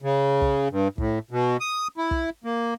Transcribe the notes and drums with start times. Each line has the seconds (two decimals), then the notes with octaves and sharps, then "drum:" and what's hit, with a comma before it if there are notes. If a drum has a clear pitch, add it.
0.02 C#3
0.41 drum: kick
0.71 G2
0.98 A2, drum: kick
1.31 B2
1.60 D#6
1.97 E4
2.11 drum: kick
2.44 A#3